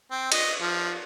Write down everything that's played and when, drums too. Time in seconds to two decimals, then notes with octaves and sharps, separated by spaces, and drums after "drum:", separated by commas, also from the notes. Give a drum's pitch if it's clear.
0.11 C4
0.32 D#5, drum: cymbal
0.61 F3